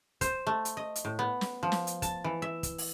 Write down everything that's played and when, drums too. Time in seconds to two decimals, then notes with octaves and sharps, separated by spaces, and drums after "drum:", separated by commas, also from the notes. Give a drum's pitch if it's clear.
0.21 C5, drum: kick, hi-hat
0.47 A3
0.65 drum: hi-hat
0.77 D#5
0.96 drum: hi-hat
1.05 A2
1.19 B3
1.41 drum: snare
1.63 F3
1.72 drum: snare
1.87 drum: hi-hat
2.02 A5, drum: kick, hi-hat
2.24 E3
2.42 E5
2.63 drum: kick, hi-hat
2.78 drum: open hi-hat